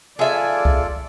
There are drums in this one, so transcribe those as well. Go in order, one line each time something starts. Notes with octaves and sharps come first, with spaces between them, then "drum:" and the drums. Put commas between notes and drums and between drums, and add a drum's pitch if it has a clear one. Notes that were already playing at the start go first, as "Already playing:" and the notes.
F4 G#4 A4 D5 E5 G#5
drum: kick C2